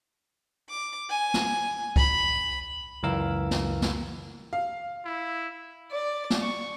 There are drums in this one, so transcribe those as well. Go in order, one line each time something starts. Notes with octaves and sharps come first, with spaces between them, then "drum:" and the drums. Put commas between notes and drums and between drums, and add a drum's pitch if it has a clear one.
D6
G#5
drum: snare
B5, drum: kick C2
C#2 F#2 E3 A#4 F5 E6
drum: snare
drum: snare
F5
E4
D5
drum: snare
C#6